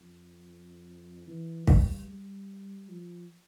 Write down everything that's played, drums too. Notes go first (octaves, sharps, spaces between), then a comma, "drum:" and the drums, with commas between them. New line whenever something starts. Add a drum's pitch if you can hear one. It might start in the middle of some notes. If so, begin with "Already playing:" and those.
Already playing: F2
E3
G3, drum: kick
G3
F3